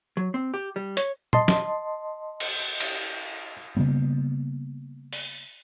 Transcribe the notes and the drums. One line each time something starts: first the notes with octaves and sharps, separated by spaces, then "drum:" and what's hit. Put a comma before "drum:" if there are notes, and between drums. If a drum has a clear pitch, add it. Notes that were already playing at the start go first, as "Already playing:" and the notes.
F#3
C4
G4
G3
C#5, drum: hi-hat
D#5 A5 C6, drum: tom A#2
drum: snare
drum: cymbal
drum: cymbal
C#3 G3 A#3 B3
drum: open hi-hat